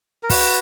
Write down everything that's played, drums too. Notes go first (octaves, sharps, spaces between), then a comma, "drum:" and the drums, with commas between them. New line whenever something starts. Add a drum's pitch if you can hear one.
A#4
F#4 B4, drum: kick, open hi-hat